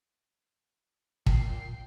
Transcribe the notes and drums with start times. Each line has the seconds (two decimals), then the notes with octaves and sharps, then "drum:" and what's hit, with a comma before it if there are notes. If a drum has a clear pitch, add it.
1.26 A#2 G5 C7, drum: kick